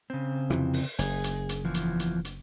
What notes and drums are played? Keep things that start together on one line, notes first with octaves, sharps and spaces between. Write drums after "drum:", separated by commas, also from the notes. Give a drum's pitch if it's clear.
C#3 C4
F2 C3 E3
drum: open hi-hat
F#1 G#4, drum: hi-hat
drum: hi-hat
drum: hi-hat
E2 E3 F3
drum: hi-hat
drum: hi-hat
drum: hi-hat